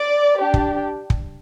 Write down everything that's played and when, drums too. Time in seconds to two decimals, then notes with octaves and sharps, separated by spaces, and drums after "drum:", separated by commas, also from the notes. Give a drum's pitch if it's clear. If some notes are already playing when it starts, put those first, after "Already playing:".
Already playing: D5
0.40 D4 G4
0.54 drum: kick
1.10 drum: kick